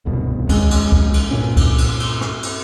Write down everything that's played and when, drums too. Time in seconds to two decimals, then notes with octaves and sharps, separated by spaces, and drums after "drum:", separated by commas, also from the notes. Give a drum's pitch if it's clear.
0.05 D1 C2 G2 B2
0.49 D#2 G#3 C#4, drum: kick C2, cymbal
0.71 drum: cymbal
0.92 drum: kick C2
1.14 drum: cymbal
1.31 G2 A#2 C#4
1.57 drum: kick C2, cymbal
1.78 drum: cymbal
2.00 drum: cymbal
2.21 drum: rim click
2.43 drum: cymbal